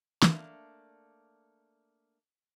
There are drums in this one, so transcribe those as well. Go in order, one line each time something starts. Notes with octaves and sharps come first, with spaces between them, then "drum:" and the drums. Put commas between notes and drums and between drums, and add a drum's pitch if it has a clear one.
A3 A#3 D4, drum: snare